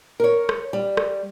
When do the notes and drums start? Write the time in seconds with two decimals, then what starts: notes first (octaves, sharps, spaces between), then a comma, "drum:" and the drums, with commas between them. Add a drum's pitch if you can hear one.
0.20 A#4 C#5
0.49 drum: rim click
0.73 G3
0.97 drum: rim click